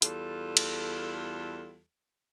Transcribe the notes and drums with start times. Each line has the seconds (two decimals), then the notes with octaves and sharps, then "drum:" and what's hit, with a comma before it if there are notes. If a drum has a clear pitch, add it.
0.02 E2 G3 F4 A4, drum: hi-hat
0.57 drum: cymbal